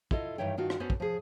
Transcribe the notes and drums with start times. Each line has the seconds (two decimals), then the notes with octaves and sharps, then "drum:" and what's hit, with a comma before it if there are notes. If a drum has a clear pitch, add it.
0.11 E4 F4 A4 D#5, drum: kick
0.38 G2 D#3 E3 C#5 G5
0.57 G2 D#3 F4 F#4
0.70 drum: rim click
0.80 B3 C#4 F#4 A4 B4 C5
0.90 drum: kick
1.00 F3 G#4